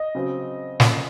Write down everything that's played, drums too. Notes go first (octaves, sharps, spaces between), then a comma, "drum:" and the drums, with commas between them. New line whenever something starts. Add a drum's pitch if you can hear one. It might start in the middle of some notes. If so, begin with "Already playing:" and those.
Already playing: D#5
C#3 F#3 C4
C#3 F3 A#3 F4, drum: snare